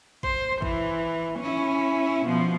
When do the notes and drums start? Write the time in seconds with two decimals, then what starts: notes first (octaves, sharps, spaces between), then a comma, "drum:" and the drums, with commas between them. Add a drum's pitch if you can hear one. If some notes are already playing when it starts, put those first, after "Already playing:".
0.23 C5, drum: kick
0.62 E3, drum: kick
1.40 C#4 E4
2.26 B2 F3